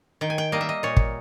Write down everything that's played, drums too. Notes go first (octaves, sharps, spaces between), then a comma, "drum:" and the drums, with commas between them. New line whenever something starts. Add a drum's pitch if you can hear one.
D#3 G5
G#5
G5
G3 A#3 D#5
E5
D#5
A#2 C#5
drum: kick